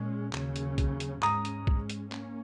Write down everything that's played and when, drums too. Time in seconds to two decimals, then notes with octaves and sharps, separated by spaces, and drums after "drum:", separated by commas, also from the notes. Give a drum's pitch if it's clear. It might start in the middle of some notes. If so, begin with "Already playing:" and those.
Already playing: A#2 G#3 C#4
0.33 D#2 C#3 F#3 C#4, drum: clap
0.56 drum: hi-hat
0.78 drum: kick, hi-hat
1.00 drum: hi-hat
1.23 G#2 G#3 C#4 A#5 D#6, drum: clap
1.45 drum: hi-hat
1.67 drum: kick
1.90 drum: hi-hat
2.12 A#3 C#4, drum: clap